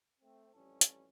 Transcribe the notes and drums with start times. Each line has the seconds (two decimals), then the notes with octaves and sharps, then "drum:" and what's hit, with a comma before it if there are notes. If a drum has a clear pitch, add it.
0.21 A3 C4
0.53 A1 F2 G3 C#4 A4
0.81 drum: hi-hat